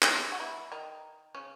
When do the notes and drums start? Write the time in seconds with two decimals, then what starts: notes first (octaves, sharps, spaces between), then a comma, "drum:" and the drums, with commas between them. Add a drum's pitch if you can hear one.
0.02 drum: clap
0.32 F#4
0.40 E3 E4
0.72 D#3 D#4
1.34 C#3 C#4